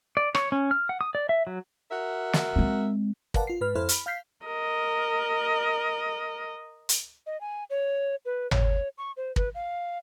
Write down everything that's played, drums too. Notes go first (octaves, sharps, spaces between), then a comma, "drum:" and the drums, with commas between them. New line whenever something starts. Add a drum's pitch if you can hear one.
D5
C#5, drum: rim click
C#4
F6
F#5
D#6
D5
E5
F#3
F#4 A#4 E5
drum: snare
G#3 C4
A#4 B4 D5 F5 F#5 A5, drum: kick
F4 C7
G#2 B4 F6
F2 E4 A4 C5 B5 F6
B5 F6, drum: hi-hat
F5 F6 G6 B6 C7
A#4 D#5
drum: hi-hat
D#5
G#5
C#5
B4
C#5, drum: tom G#1
C#6
C5
B4, drum: kick
F5